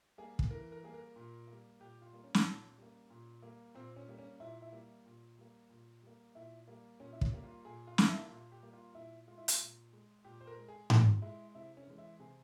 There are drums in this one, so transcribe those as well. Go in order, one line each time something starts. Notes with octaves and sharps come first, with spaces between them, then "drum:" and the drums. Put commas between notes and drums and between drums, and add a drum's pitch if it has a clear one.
G3 A#3 G#4
drum: kick
E3 A#4
A#4
G3 A#3 G#4
A#4
A#2
A#3
G3
A#2 G4
F4
G3 A#3
C#4
drum: snare
A#2
G3 A#3
A#2
G3 A#3
A#2 C4
C#4
G3 A#3
C#4
A#2 E4
E4
G3 A#3
A#2
G3 A#3
A#2
G3 A#3
A#2 E4
G3 A#3
A#2 C#4
E4
C#4, drum: kick
G3 A#3
F4
A#2 G#4
F4
G3 A#3, drum: snare
E4
A#2 F4
G4
G3 A#3
F4
A#2 E4
G#3 F4
E4
F4, drum: hi-hat
A#2
G#3
A#2 G4
C5
A#4
G#3
G#4
A#2, drum: tom G#2
G#3 E4
C3 E4
C#4
E3 G#3
E4
C3 G#4